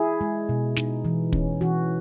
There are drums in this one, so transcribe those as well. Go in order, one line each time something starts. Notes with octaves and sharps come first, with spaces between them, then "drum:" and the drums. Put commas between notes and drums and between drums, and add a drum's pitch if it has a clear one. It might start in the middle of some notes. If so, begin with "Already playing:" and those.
Already playing: E4 G#4
G#3
B2
D#4, drum: snare
E3
C#4, drum: kick
E3 F#4